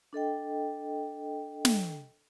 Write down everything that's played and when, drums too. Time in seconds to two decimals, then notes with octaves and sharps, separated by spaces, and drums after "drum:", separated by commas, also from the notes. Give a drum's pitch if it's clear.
0.13 D4 A4 D#5 G5
1.65 drum: snare